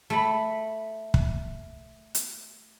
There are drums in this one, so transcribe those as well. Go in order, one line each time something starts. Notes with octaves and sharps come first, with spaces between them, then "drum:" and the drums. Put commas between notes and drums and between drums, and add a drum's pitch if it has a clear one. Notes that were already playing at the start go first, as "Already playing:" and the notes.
A3 B5
drum: kick
drum: hi-hat